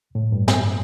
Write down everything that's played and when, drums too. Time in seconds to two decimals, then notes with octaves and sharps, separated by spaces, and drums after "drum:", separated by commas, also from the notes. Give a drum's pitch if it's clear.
0.15 A2
0.32 G2
0.48 G#2, drum: snare